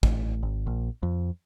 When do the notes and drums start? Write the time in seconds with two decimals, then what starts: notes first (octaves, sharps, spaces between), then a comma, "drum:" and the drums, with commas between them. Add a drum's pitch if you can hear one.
0.03 A1, drum: kick A1
0.43 G#1
0.67 A#1
1.03 F2